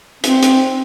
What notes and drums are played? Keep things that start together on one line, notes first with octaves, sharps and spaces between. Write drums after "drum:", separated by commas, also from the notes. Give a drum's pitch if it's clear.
C4, drum: hi-hat
drum: hi-hat